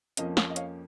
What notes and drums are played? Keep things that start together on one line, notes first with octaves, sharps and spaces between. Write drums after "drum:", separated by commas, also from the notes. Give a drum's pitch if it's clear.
F2 F3 A#3 C#4 D#5, drum: hi-hat
C#5 F5, drum: snare
D#5
C#5 F5, drum: hi-hat